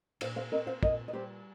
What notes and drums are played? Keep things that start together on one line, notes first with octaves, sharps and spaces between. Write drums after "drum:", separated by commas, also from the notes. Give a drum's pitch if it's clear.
A#2 C5 F5, drum: cymbal
C5 F5
C4 A#4 D#5
C5 F5
A#2 A#4 D#5, drum: kick
D#5
G3 G4 C5